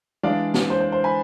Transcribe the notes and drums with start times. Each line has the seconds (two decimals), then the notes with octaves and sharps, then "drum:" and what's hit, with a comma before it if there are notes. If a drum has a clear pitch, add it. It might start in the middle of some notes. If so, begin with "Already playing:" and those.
0.23 E3 G#3 D4 D5 F5
0.54 drum: snare
0.70 C5
0.81 C5
0.92 C5
1.04 G#5 B5